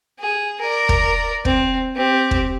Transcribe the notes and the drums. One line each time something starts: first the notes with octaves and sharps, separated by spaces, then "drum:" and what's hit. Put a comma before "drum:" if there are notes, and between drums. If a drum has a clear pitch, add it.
G#4
A#4 D5
drum: kick
C4, drum: kick
C4 G4
drum: kick